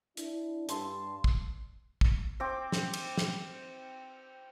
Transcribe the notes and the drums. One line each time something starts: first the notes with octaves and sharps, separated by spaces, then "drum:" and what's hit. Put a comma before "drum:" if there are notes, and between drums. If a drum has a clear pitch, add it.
D4 E4, drum: hi-hat
G2 A5 C6 E6, drum: hi-hat
drum: kick
drum: kick
C4 D6
drum: snare
drum: cymbal
drum: snare